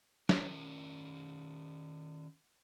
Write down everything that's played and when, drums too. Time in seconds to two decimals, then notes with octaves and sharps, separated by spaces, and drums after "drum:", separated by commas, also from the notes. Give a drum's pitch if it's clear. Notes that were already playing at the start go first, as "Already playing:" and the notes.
0.29 D#3 C#4 A#4, drum: snare